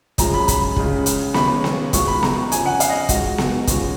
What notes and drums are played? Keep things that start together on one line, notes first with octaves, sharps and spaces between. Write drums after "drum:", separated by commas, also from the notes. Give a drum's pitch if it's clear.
F#2 C#3 F3 G#3 A#5, drum: kick, hi-hat
B5
B5, drum: kick, hi-hat
C#2 C#3 G#3, drum: kick
drum: hi-hat
D#2 C#3 G#3 B5, drum: snare B3
drum: snare B3
C#2 B2 G#3 C#6, drum: kick, hi-hat
B5
A#5, drum: snare B3
F2 C#3 F3 G#5, drum: hi-hat
F#5
F5, drum: hi-hat
D#5
G#2 F3 G#3 F#4, drum: kick, hi-hat
drum: snare B3
D#2 C#3 F3 G#3, drum: kick, hi-hat